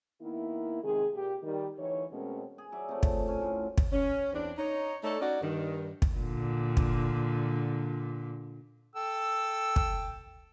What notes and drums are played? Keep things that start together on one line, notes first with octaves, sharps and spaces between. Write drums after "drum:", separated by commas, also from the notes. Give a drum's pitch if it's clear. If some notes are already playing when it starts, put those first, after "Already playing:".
D#3 A#3 B3 E4
C3 D#3 G#3 G#4
A#2 G4
D#3 G3
D2 E3 D#4 C#5
B2 G#3 A3 C4 C#4 A#4
G#4
F#3 D5 E5
C3 F3 F#3 A3
drum: kick
C#4 G#5
A2 F#3 F4
drum: kick
C#4
E2 C4 D4
D#4 C#5
A3 D#4 A4 C#5 D5
C#4 D#4 F#4 D5
G2 D#3
drum: kick
A#2 D3
drum: kick
A4 G5 E6
drum: kick